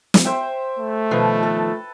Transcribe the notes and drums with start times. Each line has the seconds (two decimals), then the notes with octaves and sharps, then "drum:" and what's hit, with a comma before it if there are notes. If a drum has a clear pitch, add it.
0.14 drum: snare
0.25 C5 E5 G5
0.79 A3
1.11 B2 D#3 F3 B4
1.43 A4